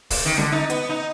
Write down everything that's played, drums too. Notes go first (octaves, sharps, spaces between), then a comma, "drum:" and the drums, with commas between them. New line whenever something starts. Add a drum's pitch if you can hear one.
A#2, drum: kick C#1, open hi-hat
D#3
D3, drum: snare
D#4
B3, drum: hi-hat
D#4